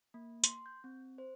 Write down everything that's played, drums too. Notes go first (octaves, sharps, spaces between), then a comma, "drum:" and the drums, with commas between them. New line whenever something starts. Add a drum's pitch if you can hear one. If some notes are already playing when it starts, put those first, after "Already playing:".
A#3
C6, drum: hi-hat
G6
C4
C5